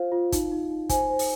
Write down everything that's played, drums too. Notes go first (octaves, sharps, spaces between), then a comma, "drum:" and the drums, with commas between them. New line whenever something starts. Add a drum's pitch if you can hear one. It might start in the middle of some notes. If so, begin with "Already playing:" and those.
Already playing: F4 C5 F5
F4
D#4, drum: kick, hi-hat
D#4
D#4
C5 G#5, drum: kick, hi-hat
C5
drum: open hi-hat